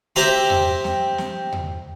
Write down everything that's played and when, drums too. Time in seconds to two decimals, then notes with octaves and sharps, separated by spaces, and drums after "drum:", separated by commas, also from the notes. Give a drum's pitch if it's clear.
0.16 C4 G4 E5 A#5 C6
0.50 drum: tom E2
0.84 drum: snare
1.18 drum: snare
1.52 drum: tom E2